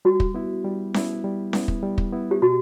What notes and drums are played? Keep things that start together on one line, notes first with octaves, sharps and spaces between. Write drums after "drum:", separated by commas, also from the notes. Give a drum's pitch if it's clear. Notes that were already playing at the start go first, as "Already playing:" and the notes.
G3 F#4
drum: kick
B3 E4
G3
B3 E4, drum: snare C#4
G3
B3 E4, drum: snare C#4
drum: kick
G3
drum: kick
B3 E4
G4
B2 F#4